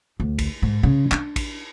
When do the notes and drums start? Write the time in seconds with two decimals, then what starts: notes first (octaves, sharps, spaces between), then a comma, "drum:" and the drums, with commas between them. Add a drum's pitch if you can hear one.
0.20 D2
0.38 drum: kick, cymbal
0.62 G#2
0.83 C#3
1.12 D4, drum: clap
1.36 drum: kick, cymbal